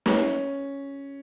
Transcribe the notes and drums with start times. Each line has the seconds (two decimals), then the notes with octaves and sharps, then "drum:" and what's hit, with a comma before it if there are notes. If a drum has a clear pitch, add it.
0.06 C#4, drum: snare